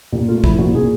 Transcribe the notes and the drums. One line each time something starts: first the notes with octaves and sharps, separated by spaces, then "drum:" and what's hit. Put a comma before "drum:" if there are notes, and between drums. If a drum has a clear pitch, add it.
A#2 G4
A3 F4
F3 E4, drum: kick
A#2 F#4
A#2 G#4